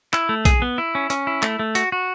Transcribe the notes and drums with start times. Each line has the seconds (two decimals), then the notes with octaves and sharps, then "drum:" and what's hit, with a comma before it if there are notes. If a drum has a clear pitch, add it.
0.13 E4, drum: clap
0.29 A3
0.45 G#4, drum: kick, hi-hat
0.62 B3
0.78 E4
0.95 C#4
1.10 C#4, drum: hi-hat
1.27 E4
1.42 A3, drum: clap
1.59 A3
1.75 F#4, drum: hi-hat
1.92 F#4